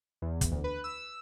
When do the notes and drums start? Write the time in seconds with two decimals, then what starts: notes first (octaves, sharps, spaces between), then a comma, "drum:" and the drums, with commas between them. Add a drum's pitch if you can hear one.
0.22 E2
0.41 drum: kick, hi-hat
0.52 D2
0.64 B4
0.84 E6